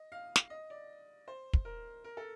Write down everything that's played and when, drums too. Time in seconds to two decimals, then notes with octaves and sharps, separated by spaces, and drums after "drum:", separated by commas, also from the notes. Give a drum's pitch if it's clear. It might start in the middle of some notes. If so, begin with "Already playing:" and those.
Already playing: D#5
0.12 F5
0.36 drum: snare
0.50 D#5
0.70 D5
1.28 C5
1.53 drum: kick
1.65 A#4
2.04 A#4
2.17 A4